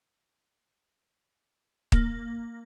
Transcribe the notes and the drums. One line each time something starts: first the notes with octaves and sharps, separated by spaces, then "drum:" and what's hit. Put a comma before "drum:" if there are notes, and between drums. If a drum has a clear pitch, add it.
A#3, drum: kick